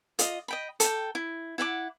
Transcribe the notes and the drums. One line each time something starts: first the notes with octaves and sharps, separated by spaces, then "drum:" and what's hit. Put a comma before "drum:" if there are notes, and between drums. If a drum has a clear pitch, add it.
F4 D#5, drum: hi-hat
D#5 G5 B5
A4 G5, drum: hi-hat
E4
E4 F#5 G5 D6